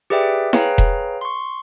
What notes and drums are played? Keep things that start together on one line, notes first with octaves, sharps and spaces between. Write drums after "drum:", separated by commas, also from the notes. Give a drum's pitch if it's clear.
G4 G#4 B4 D5 E5 G5
G#4 B4 C#5 F5 G5 A#5, drum: snare E4
drum: kick E1
C6 C#6